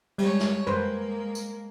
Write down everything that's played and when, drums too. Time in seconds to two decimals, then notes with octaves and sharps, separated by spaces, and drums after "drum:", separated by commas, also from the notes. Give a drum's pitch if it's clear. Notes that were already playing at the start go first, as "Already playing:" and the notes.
0.18 G3 G#3 C#5, drum: cymbal
0.39 drum: snare
0.67 G#3 A#3 B4 C5, drum: tom
1.35 drum: tambourine